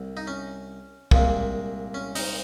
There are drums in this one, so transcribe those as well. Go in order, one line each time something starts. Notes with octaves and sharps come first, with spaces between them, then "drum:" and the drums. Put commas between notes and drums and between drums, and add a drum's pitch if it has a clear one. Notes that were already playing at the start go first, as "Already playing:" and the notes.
Already playing: C2
D#4
C#4
C2 A#2 G#3, drum: kick
C#4
D#4, drum: open hi-hat